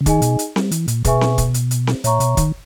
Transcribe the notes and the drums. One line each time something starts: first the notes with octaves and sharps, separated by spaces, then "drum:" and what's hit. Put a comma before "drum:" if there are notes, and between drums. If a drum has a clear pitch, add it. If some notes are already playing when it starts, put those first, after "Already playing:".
C#3
D#3 D#4 G#4 D#5 G#5, drum: kick, hi-hat
B2, drum: hi-hat
drum: hi-hat
G3, drum: snare C4
E3, drum: hi-hat
A#2, drum: hi-hat
B2 G#4 B4 E5 G#5 C#6, drum: kick, hi-hat
drum: snare C4
drum: kick, hi-hat
drum: hi-hat
drum: hi-hat
drum: snare C4
A#2 C#5 E5 A#5 C#6, drum: hi-hat
B2, drum: hi-hat
D#3, drum: kick, hi-hat